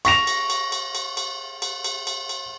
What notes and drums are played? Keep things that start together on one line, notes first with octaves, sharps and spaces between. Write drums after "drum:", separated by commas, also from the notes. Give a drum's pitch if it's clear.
C#6 A#6 F7, drum: cymbal
drum: cymbal
drum: cymbal
drum: cymbal
drum: cymbal
drum: cymbal
drum: cymbal
drum: cymbal
drum: cymbal
drum: cymbal